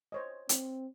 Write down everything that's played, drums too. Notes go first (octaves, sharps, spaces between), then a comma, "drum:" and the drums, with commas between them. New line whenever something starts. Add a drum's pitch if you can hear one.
C5 C#5 D#5
C4, drum: hi-hat